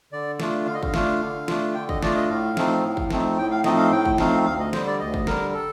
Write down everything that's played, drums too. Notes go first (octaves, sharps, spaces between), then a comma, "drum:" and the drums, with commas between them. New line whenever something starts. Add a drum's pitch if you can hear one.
D3 D5
A3 D4 F4, drum: snare
D3 F5
D#5
F5, drum: kick
A3 D4 F4, drum: snare
D3
A3 D4 F4, drum: snare
D3 G5
D#5, drum: kick
A3 D4 F4 D5, drum: snare
D#5
A2 F5
F3 A3 C4 D#4, drum: snare
A2
drum: kick
F3 A3 C4 D#4, drum: snare
A2 G5
F5
F3 A3 C4 D#4 D#5, drum: snare
F5
A2 G5
drum: kick
F3 A3 C4 D#4 F5, drum: snare
D2 F5
D#5
D3 G3 C5, drum: snare
D5
D2 D#5
drum: kick
D3 G3 A#4, drum: snare
A4